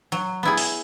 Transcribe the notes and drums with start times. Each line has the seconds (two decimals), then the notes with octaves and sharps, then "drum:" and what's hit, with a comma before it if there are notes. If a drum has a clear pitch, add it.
0.12 F#3
0.43 B3 E4 G#4
0.57 drum: open hi-hat